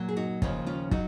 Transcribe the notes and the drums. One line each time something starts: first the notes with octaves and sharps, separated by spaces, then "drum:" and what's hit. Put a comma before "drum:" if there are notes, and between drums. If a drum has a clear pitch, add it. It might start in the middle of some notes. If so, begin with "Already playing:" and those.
Already playing: A#2 F#3
G#4
D#4 F#4
D#2 C#3 F3 C#4 F4, drum: kick
C#4 F4
F#3 D#4 F#4, drum: kick